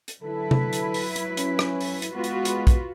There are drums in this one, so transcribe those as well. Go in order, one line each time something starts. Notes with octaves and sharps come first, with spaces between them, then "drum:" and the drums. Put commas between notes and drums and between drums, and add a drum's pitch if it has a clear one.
drum: hi-hat
D3 F#3 E4 A4 B4
drum: tom C3
drum: hi-hat
drum: open hi-hat
drum: hi-hat
C#4, drum: hi-hat
drum: rim click
drum: open hi-hat
drum: hi-hat
G#3 B3 F4 F#4 B4
drum: hi-hat
drum: hi-hat
drum: kick, hi-hat